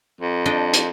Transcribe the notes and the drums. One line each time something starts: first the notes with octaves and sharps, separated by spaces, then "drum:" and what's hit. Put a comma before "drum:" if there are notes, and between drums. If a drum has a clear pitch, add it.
F2
D4 D#5 G5
drum: hi-hat